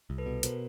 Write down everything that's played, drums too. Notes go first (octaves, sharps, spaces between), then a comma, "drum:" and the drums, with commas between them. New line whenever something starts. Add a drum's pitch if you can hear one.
C2
A4 B4
B2
B2 A#4 C5, drum: hi-hat